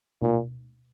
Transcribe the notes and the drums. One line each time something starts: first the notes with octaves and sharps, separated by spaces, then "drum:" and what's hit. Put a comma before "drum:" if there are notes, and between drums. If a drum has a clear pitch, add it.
A#2, drum: tom B2